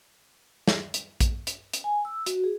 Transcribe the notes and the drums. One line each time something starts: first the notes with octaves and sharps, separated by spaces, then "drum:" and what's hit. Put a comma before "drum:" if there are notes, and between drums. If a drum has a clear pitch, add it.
drum: snare
drum: hi-hat
drum: kick A#1, hi-hat
drum: hi-hat
drum: hi-hat
G#5
E6
F#4, drum: hi-hat
G#4